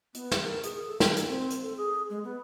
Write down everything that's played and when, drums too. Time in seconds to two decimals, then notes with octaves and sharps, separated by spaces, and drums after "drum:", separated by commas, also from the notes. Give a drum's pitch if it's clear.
0.15 B3, drum: hi-hat
0.31 drum: snare
0.43 A#4
0.63 G#4, drum: hi-hat
0.86 A4
1.00 A#4, drum: snare
1.16 drum: hi-hat
1.28 C4
1.50 drum: hi-hat
1.63 A4
1.77 G#4
2.10 G#3
2.24 B3